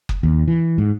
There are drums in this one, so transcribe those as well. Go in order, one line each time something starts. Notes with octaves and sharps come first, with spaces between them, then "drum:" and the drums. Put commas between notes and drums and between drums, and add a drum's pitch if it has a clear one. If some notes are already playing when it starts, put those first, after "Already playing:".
drum: kick F#1
D#2
E3
G#2